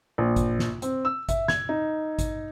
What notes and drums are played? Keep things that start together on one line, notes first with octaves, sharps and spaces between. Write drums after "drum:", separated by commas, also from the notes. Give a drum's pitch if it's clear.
A#1
drum: kick G#1, hi-hat
drum: snare
C4, drum: hi-hat
E6
E5, drum: kick G#1, hi-hat
G#6, drum: snare
D#4
drum: kick G#1, hi-hat